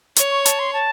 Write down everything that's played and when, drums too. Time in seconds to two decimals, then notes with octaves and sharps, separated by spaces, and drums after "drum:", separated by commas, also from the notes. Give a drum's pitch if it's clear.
0.16 C#5, drum: hi-hat
0.31 C#6
0.46 A5, drum: hi-hat
0.59 C6
0.73 A5